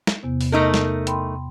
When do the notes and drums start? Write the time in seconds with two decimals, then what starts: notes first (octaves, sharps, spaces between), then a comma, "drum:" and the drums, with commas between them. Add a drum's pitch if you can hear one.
0.07 drum: snare
0.23 E2 C3 B3
0.41 drum: open hi-hat
0.52 A3 D#4 A#4
0.74 drum: snare
1.07 G5 B5 C6, drum: hi-hat